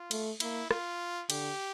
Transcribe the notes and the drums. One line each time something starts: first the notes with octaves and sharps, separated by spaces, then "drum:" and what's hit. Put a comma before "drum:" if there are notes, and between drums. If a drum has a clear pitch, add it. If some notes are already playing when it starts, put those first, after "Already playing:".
Already playing: F4
A3, drum: cymbal
A#3 E4, drum: cymbal
F4, drum: rim click
D3 G4, drum: cymbal